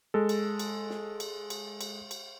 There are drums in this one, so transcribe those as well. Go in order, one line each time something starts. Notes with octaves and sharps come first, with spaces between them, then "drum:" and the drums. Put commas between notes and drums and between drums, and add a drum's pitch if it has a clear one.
G#3 A4
drum: cymbal
drum: cymbal
drum: snare
drum: cymbal
drum: cymbal
drum: cymbal
drum: cymbal